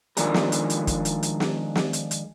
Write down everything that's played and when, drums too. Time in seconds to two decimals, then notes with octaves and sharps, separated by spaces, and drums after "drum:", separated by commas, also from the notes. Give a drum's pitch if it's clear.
0.17 D#3 F3 G#3 D4 G#4 A#4, drum: hi-hat
0.34 drum: snare
0.52 drum: hi-hat
0.70 drum: hi-hat
0.87 drum: kick, hi-hat
1.05 drum: hi-hat
1.23 drum: hi-hat
1.40 drum: snare
1.75 drum: snare
1.93 drum: hi-hat
2.11 drum: hi-hat